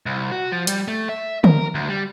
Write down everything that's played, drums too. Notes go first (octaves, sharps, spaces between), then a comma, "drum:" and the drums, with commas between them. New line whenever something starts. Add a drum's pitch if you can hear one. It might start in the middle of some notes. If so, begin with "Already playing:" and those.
C2
F#4
F3
G3, drum: hi-hat
A3
E5
A#4, drum: tom D3
D2
G3